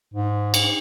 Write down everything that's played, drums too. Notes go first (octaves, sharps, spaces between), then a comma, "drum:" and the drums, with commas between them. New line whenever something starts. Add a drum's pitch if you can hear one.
G#2
drum: cymbal